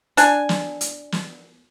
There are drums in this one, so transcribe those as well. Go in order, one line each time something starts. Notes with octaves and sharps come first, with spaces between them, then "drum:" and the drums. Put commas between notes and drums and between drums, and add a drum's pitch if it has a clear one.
D4 G#5, drum: hi-hat
drum: snare
drum: hi-hat
drum: snare